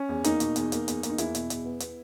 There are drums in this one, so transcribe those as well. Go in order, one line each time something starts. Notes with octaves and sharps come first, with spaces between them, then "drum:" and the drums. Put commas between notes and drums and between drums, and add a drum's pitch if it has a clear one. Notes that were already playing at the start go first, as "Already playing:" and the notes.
Already playing: C#4
E2
A#3 D#4, drum: hi-hat
B2, drum: hi-hat
E2, drum: hi-hat
A#3, drum: hi-hat
E2, drum: hi-hat
A#3, drum: hi-hat
D#4
E2 E4, drum: hi-hat
B2, drum: hi-hat
E2, drum: hi-hat
B3
B3, drum: hi-hat